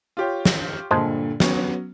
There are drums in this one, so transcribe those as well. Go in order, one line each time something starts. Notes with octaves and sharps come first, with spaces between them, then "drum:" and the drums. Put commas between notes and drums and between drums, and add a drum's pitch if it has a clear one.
F4 G4 C#5
drum: snare
G2 A#2 D3 G#3 C5 A5
F#3 B3 C#4, drum: snare